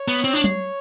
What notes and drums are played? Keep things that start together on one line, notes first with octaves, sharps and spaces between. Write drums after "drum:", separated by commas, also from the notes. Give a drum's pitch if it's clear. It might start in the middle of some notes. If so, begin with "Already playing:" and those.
Already playing: C#5
B3
C4
D4
drum: tom F#3